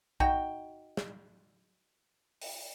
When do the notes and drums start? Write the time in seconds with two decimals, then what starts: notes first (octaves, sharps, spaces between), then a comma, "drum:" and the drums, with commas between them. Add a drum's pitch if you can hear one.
0.20 D#4 F#4 G5, drum: kick A#1
0.97 drum: snare
2.42 drum: open hi-hat